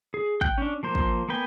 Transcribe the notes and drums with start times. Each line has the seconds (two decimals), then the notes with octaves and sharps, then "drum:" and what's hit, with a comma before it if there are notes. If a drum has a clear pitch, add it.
0.14 G#4
0.41 G5 F#6 G6, drum: kick
0.58 C#4 D4
0.83 F3 A#3 C5
0.95 drum: kick
1.29 A#3 B3 B4 G5 G#5